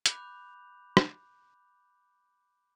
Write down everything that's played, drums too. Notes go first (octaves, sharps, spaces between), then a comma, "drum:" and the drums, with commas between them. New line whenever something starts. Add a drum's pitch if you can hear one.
B5 D6 F#6 G6 F7, drum: hi-hat
drum: rim click